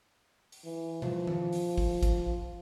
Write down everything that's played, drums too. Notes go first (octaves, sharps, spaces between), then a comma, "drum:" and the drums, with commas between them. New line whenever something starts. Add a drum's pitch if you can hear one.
drum: open hi-hat
E3
F3, drum: tom B2
drum: tom D#3
drum: open hi-hat
drum: kick
drum: kick, hi-hat